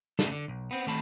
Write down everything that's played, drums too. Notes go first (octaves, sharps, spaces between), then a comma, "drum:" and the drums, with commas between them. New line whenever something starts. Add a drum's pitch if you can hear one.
C#3 E3 G3 A3 A4, drum: snare
D3
B1
B3 C4
D#3 A3 C4 A5 B5